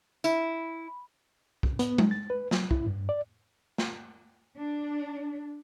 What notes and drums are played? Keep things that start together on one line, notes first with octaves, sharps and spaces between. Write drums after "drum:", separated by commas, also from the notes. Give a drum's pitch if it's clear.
E4, drum: tambourine
drum: kick
B3, drum: hi-hat
F#3, drum: tom G#3
A6
B4
F#3, drum: snare
E4, drum: kick
G2
D5
drum: snare
D4